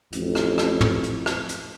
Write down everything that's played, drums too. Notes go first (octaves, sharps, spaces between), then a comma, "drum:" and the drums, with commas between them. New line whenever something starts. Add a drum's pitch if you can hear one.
A1 F2, drum: hi-hat
drum: rim click
drum: rim click
drum: tom
drum: hi-hat
drum: rim click
drum: hi-hat